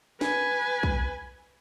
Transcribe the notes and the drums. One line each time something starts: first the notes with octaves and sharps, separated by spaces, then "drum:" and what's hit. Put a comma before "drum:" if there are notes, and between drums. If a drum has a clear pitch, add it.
B4 G#5, drum: snare
drum: kick